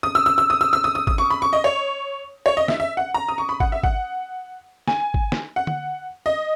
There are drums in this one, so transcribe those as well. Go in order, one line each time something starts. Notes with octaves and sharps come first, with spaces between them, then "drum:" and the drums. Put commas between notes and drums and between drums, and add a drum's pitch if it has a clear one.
D#6
E6
E6
E6
D#6
E6
E6
D#6
D#6
D#6, drum: kick G#1
C#6
B5
C#6
D#5
C#5
C#5
D#5
E5, drum: snare
E5
F#5
A#5
D#6
C#6
B5
F#5, drum: kick G#1
E5
F#5, drum: kick G#1
G#5, drum: snare
drum: kick G#1
drum: snare
F#5
drum: tom
D#5